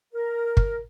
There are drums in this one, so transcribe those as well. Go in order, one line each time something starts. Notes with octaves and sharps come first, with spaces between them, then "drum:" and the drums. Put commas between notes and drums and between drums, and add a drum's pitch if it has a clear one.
A#4
drum: kick